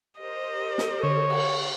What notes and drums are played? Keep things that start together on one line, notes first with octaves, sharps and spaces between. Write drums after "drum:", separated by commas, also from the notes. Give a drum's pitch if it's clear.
G4 A#4 C5 D#5
drum: snare
D3 C#5
drum: cymbal